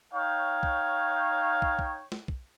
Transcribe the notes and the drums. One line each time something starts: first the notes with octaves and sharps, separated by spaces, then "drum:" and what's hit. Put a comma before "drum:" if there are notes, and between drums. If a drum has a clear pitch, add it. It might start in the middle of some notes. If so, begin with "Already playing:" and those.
D#4 C#5 F5 G5
drum: kick
drum: kick
drum: kick
drum: snare
drum: kick